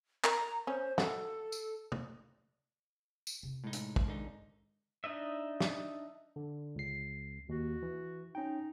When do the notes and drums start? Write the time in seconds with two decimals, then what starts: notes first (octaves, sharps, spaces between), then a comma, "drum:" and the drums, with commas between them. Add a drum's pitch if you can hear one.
0.24 A#4 A#5, drum: clap
0.67 C#4 C5
0.98 F#4 A4, drum: snare
1.52 drum: tambourine
1.92 drum: tom
3.27 drum: tambourine
3.43 C3 E4
3.64 A2 G#3 D#4
3.73 drum: hi-hat
3.96 drum: kick
4.07 G#1 D3 D#4
5.04 D4 D#4 D#5 E5
5.60 drum: snare
6.36 D3
6.76 C#2 C7
7.49 D#2 F#4
7.82 E3
8.35 C#4 D#4 G5